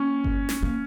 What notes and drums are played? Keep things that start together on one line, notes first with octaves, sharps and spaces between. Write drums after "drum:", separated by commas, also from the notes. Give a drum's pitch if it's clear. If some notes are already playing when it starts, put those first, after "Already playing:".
Already playing: A#3 C#4
drum: kick G1
drum: snare
A#3